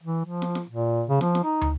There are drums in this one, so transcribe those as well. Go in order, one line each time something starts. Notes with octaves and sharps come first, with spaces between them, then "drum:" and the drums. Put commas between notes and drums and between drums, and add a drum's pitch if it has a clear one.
E3
F3
drum: snare
drum: snare
A#2
C#3
F3, drum: snare
drum: snare
D#4
drum: tom